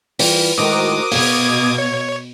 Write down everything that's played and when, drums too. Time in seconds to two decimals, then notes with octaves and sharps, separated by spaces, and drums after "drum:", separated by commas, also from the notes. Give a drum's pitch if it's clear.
0.19 E3 G3 F4, drum: open hi-hat
0.58 A2 D#3 G#3 F#4 A#4 C5 D6 D#6
1.11 B2 F5 G#6, drum: open hi-hat
1.78 C#5